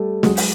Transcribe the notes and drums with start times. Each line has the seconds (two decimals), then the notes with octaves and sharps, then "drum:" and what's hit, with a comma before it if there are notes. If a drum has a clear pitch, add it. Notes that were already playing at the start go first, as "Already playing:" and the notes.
Already playing: G3 A3
0.23 F#3 G#3, drum: snare
0.37 drum: open hi-hat